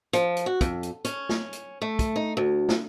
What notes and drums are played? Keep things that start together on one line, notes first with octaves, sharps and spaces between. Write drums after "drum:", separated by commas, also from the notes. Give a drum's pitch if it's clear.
F3, drum: hi-hat
drum: hi-hat
F#4
F2, drum: kick, hi-hat
drum: hi-hat
C#4, drum: hi-hat
drum: snare
drum: hi-hat
A3
drum: kick, hi-hat
D#4
D2
drum: snare